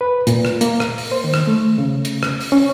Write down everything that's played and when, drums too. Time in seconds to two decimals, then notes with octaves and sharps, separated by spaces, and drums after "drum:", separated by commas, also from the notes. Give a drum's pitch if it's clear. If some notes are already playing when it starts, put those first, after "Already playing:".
0.01 B4
0.27 A#2, drum: hi-hat
0.45 drum: rim click
0.61 A#3, drum: hi-hat
0.80 drum: rim click
0.98 drum: open hi-hat
1.12 C5
1.24 D#3
1.34 drum: rim click
1.47 A3
1.78 C#3
2.05 drum: hi-hat
2.23 drum: rim click
2.40 drum: open hi-hat
2.52 C#4